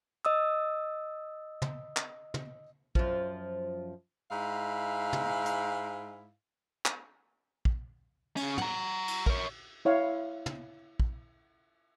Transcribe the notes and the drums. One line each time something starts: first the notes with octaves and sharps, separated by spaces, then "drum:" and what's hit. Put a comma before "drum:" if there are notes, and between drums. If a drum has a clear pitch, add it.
D#5 D#6 E6
drum: tom
drum: clap
drum: tom
F#2 F3, drum: kick
G#2 E4 F5
drum: tom
drum: hi-hat
drum: clap
drum: kick
C#3 C#4, drum: cymbal
F#5 A#5, drum: tom
drum: cymbal
A#4 C#5, drum: kick
E4 C#5 F5
drum: tom
drum: kick